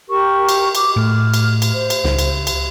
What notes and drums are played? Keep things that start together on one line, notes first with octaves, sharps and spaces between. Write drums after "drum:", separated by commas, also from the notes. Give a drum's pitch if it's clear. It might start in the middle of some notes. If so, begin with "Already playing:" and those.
G4 A#4 C#6
drum: cymbal
D6, drum: cymbal
A2 F6
drum: cymbal
drum: cymbal
C5
drum: cymbal
C#2, drum: snare
drum: cymbal
drum: cymbal